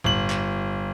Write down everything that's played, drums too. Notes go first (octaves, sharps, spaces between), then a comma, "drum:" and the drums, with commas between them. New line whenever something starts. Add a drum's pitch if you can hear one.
G1 F#7, drum: tom A2
drum: clap